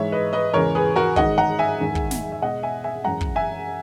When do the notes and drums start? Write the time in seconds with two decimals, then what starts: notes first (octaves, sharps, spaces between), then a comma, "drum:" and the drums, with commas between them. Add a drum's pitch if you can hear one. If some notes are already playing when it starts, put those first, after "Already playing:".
Already playing: G#2 E3 G#3 C#5 E5
0.12 B4 D#5
0.33 B4 D#5
0.53 E2 C#3 E3 G#3 A#4 C#5
0.75 G#4 B4
0.96 F#4 A#4
1.16 G#2 D#3 G#3 D#5 F#5, drum: kick
1.38 F#5 A#5
1.59 E5 G#5
1.80 E2 D#3 G#3
1.95 drum: kick
2.11 drum: snare
2.32 E5
2.42 B2 G#3 D#5 F#5
2.63 E5 G#5
2.84 E5 G#5
3.04 F#2 E3 G#3 F#5 A#5
3.21 drum: kick
3.36 E5 G#5